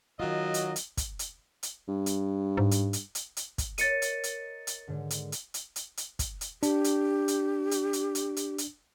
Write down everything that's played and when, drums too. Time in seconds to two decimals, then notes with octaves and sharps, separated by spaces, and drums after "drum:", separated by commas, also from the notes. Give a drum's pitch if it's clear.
0.20 D#3 F#3 F4 D#5
0.54 drum: hi-hat
0.76 drum: hi-hat
0.97 drum: kick, hi-hat
1.19 drum: hi-hat
1.63 drum: hi-hat
1.88 G2
2.06 drum: hi-hat
2.57 G#2
2.71 drum: hi-hat
2.93 drum: hi-hat
3.15 drum: hi-hat
3.37 drum: hi-hat
3.58 drum: kick, hi-hat
3.78 A#4 C#5 D#5 A6 C#7 D#7, drum: hi-hat
4.02 drum: hi-hat
4.24 drum: hi-hat
4.67 drum: hi-hat
4.87 G#2 D3
5.10 drum: hi-hat
5.32 drum: hi-hat
5.54 drum: hi-hat
5.76 drum: hi-hat
5.97 drum: hi-hat
6.19 drum: kick, hi-hat
6.41 drum: hi-hat
6.63 D4 G4, drum: hi-hat
6.84 drum: hi-hat
7.28 drum: hi-hat
7.71 drum: hi-hat
7.93 drum: hi-hat
8.15 drum: hi-hat
8.37 drum: hi-hat
8.58 drum: hi-hat